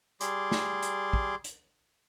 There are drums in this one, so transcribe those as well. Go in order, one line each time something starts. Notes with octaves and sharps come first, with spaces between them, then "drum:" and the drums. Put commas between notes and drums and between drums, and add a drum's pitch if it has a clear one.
G3 G#4 C6 D6, drum: hi-hat
drum: snare
drum: hi-hat
drum: kick
drum: hi-hat